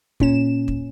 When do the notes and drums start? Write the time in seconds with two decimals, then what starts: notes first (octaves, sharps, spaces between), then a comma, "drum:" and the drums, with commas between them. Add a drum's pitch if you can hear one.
0.20 A#2 C#4 E7, drum: kick
0.68 drum: kick